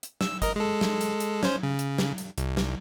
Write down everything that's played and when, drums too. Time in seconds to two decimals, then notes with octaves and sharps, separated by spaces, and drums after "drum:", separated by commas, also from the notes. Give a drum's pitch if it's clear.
0.03 drum: hi-hat
0.21 E6, drum: snare
0.42 A#4 D#5, drum: kick G1, hi-hat
0.56 G#3 A4
0.81 drum: snare
1.01 drum: hi-hat
1.20 drum: hi-hat
1.43 C#4 C5, drum: snare
1.63 C#3
1.79 drum: hi-hat
1.98 drum: snare
2.18 drum: hi-hat
2.38 C2, drum: hi-hat
2.57 drum: snare